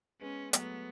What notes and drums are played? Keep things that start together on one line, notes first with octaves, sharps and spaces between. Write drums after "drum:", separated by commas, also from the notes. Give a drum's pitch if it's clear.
G#3 B3 C#4
F#3 A3 B3, drum: hi-hat